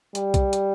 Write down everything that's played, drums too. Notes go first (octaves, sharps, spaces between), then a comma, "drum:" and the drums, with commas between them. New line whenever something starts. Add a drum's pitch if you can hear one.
G3, drum: hi-hat
drum: kick B1, hi-hat
drum: hi-hat